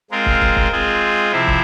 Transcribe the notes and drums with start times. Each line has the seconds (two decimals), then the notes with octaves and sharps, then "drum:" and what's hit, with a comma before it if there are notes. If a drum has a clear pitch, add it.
0.11 G#3 C4 F4 A#4
0.26 drum: kick
0.41 drum: kick
0.56 drum: kick
0.72 G#3 C4 F4 G#4
1.32 C3 F3 C4 E4
1.47 drum: kick